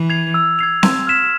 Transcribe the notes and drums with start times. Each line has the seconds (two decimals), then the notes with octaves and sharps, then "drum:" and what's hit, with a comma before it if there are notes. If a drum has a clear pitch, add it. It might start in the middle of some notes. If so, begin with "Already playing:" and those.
Already playing: E3
0.10 G#6 C7 F7
0.34 E6
0.59 G#6 C7 F7
0.83 C6, drum: snare C4
1.07 F6 G#6 B6 E7